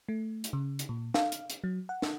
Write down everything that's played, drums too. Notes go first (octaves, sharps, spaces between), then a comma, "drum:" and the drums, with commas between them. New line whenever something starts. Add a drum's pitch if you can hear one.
A3
drum: hi-hat
C#3
drum: hi-hat
A#2
F5, drum: snare
drum: hi-hat
drum: hi-hat
F#3
F#5
drum: snare